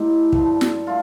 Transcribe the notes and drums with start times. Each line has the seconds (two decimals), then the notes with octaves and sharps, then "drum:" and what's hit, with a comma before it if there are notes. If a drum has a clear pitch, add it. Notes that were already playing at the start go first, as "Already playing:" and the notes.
Already playing: A2 A3 D#4 F4 G4 A4
0.32 G2 F3 A3, drum: kick
0.61 drum: snare
0.87 A3 F4